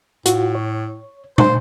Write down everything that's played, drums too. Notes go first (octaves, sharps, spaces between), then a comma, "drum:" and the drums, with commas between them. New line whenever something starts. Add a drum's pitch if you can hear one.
A2 F4 F#4, drum: hi-hat
C#5
C5, drum: tom